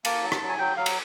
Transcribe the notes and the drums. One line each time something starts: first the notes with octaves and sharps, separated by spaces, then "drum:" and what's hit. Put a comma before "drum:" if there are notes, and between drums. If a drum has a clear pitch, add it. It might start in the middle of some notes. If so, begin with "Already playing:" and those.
A#3 A5, drum: cymbal
F#3
drum: rim click
F#3
G#5
F#3 G5
F#3 F5
drum: cymbal